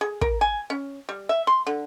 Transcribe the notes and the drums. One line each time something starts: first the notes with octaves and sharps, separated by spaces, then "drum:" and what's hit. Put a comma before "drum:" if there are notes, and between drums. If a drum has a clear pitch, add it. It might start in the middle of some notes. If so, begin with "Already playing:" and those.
G#4
A#4, drum: kick
G#5
C#4
G3
E5
C6
D3